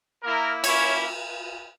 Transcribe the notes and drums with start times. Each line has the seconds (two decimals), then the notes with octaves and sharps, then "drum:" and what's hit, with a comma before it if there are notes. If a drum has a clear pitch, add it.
0.23 A#3 E4 A#4
0.64 A#3 C#4 E4 C#5, drum: cymbal